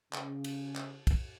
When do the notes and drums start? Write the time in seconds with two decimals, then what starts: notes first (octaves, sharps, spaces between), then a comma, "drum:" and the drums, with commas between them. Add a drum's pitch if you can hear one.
0.13 C#3, drum: clap
0.44 drum: cymbal
0.76 drum: clap
1.07 drum: kick, cymbal